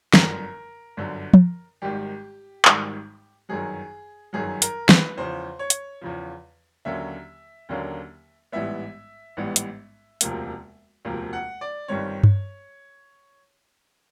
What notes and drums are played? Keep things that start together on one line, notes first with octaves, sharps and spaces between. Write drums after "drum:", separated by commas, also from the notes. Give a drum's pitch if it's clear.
G1 F#2 D3 A#4, drum: snare
G1 F#2 D3
drum: tom F3
G#1 G#2 D#3 G3 G4
G#1 G#2 D#3 G3, drum: clap
G1 F#2 D#3 F#3 G#4
G1 F#2 D#3 F#3 G#4
A#4, drum: hi-hat
B4, drum: snare
E2 C#3 F3 C5
C#5
drum: hi-hat
E2 C#3 F3
D#2 D3 F#3 A#3 C#4 E5
D#2 D3 F#3 A#3 C#4
A1 G#2 E3 G3 B3 E5
A1 G#2 E3 G3 B3
drum: hi-hat
E1 D2 C3 F3 A#3, drum: hi-hat
E1 D2 C3 F3 A#3
F#5
D5
G1 G2 D#3 G3 C4 C#5
drum: tom G2